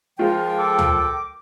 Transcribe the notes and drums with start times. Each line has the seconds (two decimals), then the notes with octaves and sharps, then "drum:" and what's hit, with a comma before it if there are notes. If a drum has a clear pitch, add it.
0.19 F3 G#3 F4 A#4 G5
0.59 A4 D6
0.78 drum: tom D2